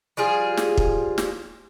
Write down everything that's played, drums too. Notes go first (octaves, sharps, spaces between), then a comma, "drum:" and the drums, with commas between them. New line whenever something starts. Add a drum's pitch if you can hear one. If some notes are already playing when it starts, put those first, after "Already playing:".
F3 G3 F4 G#4
drum: snare
drum: kick
drum: snare